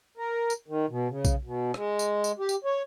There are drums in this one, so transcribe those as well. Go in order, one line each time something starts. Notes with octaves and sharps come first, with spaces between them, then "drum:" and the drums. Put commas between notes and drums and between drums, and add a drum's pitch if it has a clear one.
A#4
drum: tambourine
D#3
B2
C#3
drum: kick B1, tambourine
B2
G#3, drum: rim click
drum: tambourine
drum: tambourine
G4
drum: tambourine
C#5